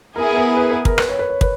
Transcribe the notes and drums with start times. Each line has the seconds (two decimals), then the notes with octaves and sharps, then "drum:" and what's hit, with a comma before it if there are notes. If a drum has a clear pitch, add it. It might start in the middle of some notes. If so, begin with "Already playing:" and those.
0.16 B3 E4 G#4 A#4
0.37 A#4
0.57 B4
0.71 B4
0.85 A#4, drum: kick
0.98 B4, drum: rim click
1.09 C#5
1.19 B4
1.29 C#5
1.41 B4, drum: kick